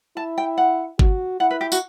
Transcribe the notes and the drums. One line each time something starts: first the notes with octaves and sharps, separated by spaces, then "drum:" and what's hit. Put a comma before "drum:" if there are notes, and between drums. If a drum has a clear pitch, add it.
E4 A5
G5
F#5
F#4, drum: kick G1
E4 F#5
B4
G4
F#4, drum: tambourine